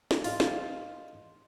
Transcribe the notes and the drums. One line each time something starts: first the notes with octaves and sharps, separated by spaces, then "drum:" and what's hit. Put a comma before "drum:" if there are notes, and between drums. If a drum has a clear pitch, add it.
drum: snare
F4 D#5 C6, drum: open hi-hat
drum: snare